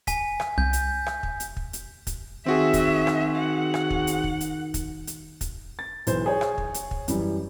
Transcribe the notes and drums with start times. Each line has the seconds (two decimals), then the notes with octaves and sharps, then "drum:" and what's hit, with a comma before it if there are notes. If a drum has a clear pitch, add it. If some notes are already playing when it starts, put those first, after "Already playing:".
0.07 G#5 B6, drum: kick, hi-hat
0.40 drum: rim click
0.58 C2 G6
0.73 drum: hi-hat
1.06 drum: rim click
1.23 drum: kick
1.40 drum: hi-hat
1.57 drum: kick
1.73 drum: hi-hat
2.07 drum: kick, hi-hat
2.46 D#3 C4 F#4 G#4 E5
2.73 drum: kick, hi-hat
3.07 drum: rim click
3.36 F#5
3.74 drum: rim click
3.90 drum: kick
4.07 drum: hi-hat
4.24 drum: kick
4.41 drum: hi-hat
4.74 drum: kick, hi-hat
5.07 drum: hi-hat
5.41 drum: kick, hi-hat
5.79 A6
6.07 B1 E3 B4 C5, drum: hi-hat
6.26 G#4 C#5
6.41 drum: rim click
6.58 drum: kick
6.74 drum: hi-hat
6.91 drum: kick
7.08 F#2 E3 G3, drum: hi-hat